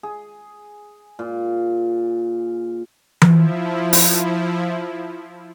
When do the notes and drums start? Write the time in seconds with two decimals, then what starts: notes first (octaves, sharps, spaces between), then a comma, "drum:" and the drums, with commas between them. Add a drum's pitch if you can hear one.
0.03 G#4
1.19 A#2
3.22 F3 E4, drum: tom E3
3.93 drum: open hi-hat